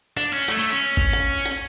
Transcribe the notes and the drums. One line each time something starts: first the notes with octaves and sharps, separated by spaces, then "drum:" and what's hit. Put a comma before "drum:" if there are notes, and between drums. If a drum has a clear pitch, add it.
D4, drum: rim click
C#4
A3, drum: rim click
A3
C#4
drum: kick G#1
drum: rim click
drum: rim click